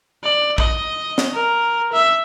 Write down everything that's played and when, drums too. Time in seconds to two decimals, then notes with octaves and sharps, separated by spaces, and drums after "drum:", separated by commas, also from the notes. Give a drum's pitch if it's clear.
0.24 D5
0.58 D#5, drum: kick
1.18 drum: snare
1.34 A#4
1.93 E5